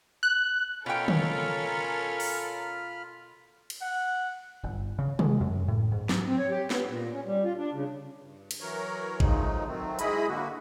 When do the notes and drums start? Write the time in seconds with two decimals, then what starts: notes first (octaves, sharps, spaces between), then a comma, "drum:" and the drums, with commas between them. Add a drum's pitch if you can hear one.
0.23 F#6
0.86 B2 C#4 F4 A4 A#4 G5 B5 F6
1.08 drum: tom
2.20 drum: open hi-hat
3.70 drum: cymbal
3.82 F#5
4.64 G1
4.99 C#3
5.19 G#3, drum: tom
5.41 F#2
5.68 A2
5.92 G#2
6.09 F#3, drum: snare
6.25 C4
6.38 C#5
6.50 G4
6.70 B3, drum: snare
6.89 A#2
7.13 C#4
7.26 G3
7.44 F4
7.57 D4
7.73 C#3
8.22 G2
8.51 drum: cymbal
8.61 E3 F#3 A#4 C#5
9.20 D#3 F3 F#3 G#3 A3 D#4, drum: kick G#1
9.67 D#3 F#3 A3 C4
9.99 G#2 G#3 E4 G#4 D#5 B5, drum: hi-hat
10.28 D3 A#3 F#4